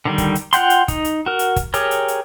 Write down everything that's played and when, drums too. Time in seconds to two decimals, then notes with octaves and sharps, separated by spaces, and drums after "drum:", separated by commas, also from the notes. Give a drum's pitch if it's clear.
0.05 D3 D#3 G3
0.18 drum: kick, hi-hat
0.35 drum: hi-hat
0.53 F4 F#5 G5 C6, drum: hi-hat
0.70 drum: hi-hat
0.88 D#4, drum: kick, hi-hat
1.04 drum: hi-hat
1.26 F#4 A#4
1.39 drum: hi-hat
1.56 drum: kick, hi-hat
1.74 G4 G#4 A#4 C#5, drum: hi-hat
1.91 drum: hi-hat
2.08 drum: hi-hat